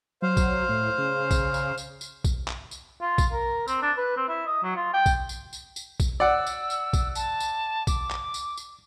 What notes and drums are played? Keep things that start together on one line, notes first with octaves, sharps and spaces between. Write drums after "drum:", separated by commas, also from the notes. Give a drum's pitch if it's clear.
F#3 C5 F5
drum: kick A#1, tambourine
A2
C#3
drum: kick A#1, tambourine
drum: tambourine
drum: tambourine
drum: tambourine
drum: kick A#1, tambourine
drum: clap
drum: tambourine
F4
drum: kick A#1, tambourine
A#4
C4, drum: tambourine
D4
B4
C4
E4
D#5
F#3
F4
G5
drum: kick A#1, tambourine
drum: tambourine
drum: tambourine
drum: tambourine
drum: kick A#1, tambourine
D5 F#5 E6
drum: tambourine
drum: tambourine
drum: kick A#1, tambourine
A5, drum: tambourine
drum: tambourine
D6, drum: kick A#1, tambourine
drum: clap
drum: tambourine
drum: tambourine